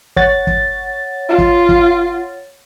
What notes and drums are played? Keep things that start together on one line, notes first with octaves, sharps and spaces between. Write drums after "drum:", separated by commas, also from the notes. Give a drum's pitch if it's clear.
C#5 F#5 A6, drum: kick
drum: kick
F4
drum: kick
drum: kick